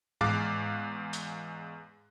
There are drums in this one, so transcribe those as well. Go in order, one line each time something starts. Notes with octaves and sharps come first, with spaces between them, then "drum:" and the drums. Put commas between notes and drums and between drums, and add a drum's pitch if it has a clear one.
E2 G#3 F5 D6 F#6 A6, drum: tom G#2
drum: hi-hat